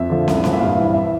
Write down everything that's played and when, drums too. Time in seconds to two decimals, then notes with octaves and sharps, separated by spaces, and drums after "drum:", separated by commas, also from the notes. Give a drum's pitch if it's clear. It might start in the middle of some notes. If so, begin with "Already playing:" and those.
Already playing: F2 E5
0.10 D3 F3
0.28 C2, drum: snare
0.44 A#2 F3, drum: snare
0.53 E5
0.60 G2 F5
0.78 E3
0.94 E5